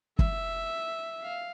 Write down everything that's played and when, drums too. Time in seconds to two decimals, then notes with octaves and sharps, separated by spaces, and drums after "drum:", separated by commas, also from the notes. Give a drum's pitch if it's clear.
0.19 E5, drum: kick
1.23 F5